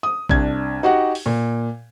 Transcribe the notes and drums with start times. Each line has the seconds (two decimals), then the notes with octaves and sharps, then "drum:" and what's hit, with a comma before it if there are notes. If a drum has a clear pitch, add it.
0.03 D#6
0.29 C2 D4 G#6, drum: kick A#1
0.83 D#4 F#4 G4 F#5
1.15 drum: open hi-hat
1.26 A#2